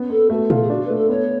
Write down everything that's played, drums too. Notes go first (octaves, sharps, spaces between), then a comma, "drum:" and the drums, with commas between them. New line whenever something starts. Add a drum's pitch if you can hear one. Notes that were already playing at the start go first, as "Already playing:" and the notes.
Already playing: B3 C#4
B3 A4
A3 F#4
F4 A4, drum: tom A#2
G#4
D4 F#4
A3 B4
A4
B3 C#5